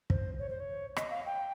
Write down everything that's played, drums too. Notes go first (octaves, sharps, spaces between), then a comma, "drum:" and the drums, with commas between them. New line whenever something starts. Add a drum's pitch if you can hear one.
C5, drum: kick
C#5
C5
C#5
D#5, drum: rim click
F5
G5